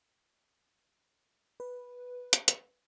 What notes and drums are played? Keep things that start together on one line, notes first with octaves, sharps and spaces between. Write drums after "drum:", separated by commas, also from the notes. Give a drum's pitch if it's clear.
B4
drum: hi-hat
drum: hi-hat